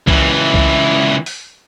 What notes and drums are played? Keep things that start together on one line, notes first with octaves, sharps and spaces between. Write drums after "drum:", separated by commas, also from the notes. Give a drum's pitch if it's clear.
C#2 E3, drum: kick C2
drum: kick C2
drum: open hi-hat